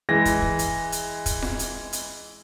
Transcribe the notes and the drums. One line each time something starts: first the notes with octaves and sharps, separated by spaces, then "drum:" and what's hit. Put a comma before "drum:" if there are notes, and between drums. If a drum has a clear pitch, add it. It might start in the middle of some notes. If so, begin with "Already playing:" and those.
E3 G#3 A#6
drum: kick, hi-hat
drum: kick
drum: hi-hat
drum: hi-hat
drum: kick, hi-hat
drum: snare F4
drum: hi-hat
drum: hi-hat